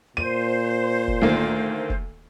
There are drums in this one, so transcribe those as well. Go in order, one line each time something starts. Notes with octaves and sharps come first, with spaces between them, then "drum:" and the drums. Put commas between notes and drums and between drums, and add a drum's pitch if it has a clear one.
A#2 C5 D#7
drum: kick F1
D2 D#3 A#3
drum: kick F1